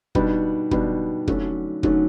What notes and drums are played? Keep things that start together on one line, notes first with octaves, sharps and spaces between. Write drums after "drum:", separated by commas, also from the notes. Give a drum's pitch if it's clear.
B2 G3 B3 D4 D#4, drum: kick
B2 G3 B3 D4, drum: kick
D3 F#3 A3 C#4 F#4, drum: kick
D3 F#3 A3 C#4 D#4 F#4, drum: kick